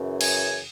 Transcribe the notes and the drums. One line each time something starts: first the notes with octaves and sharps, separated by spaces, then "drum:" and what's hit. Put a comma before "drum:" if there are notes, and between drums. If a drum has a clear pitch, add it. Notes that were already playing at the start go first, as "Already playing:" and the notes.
Already playing: F#2 C#3 E3
G#5, drum: cymbal